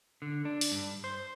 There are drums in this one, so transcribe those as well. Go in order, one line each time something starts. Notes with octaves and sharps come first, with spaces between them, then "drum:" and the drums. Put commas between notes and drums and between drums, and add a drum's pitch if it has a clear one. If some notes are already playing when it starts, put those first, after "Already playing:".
D3
D4
drum: open hi-hat
G2
C5